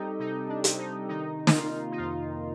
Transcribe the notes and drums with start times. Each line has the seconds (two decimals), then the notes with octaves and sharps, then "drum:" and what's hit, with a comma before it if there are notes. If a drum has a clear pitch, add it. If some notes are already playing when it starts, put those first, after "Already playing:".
Already playing: G3 C4 D#4 G4 A4
0.19 C3 D#4
0.49 D4
0.64 C3, drum: hi-hat
0.78 D#4
1.09 D#3 D#4
1.47 D#4, drum: snare
1.54 A#3 F4
1.92 D#4
1.98 F2 F4